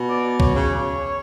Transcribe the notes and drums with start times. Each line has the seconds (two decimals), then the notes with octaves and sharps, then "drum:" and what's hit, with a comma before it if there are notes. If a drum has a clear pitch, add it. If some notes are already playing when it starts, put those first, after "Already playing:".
Already playing: B2
0.09 D5
0.40 C#5, drum: kick
0.55 C#3